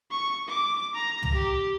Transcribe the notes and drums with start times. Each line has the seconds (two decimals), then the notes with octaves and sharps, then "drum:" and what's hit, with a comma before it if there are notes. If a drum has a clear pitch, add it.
0.11 C#6
0.48 D6
0.95 A#5
1.23 drum: tom
1.34 G4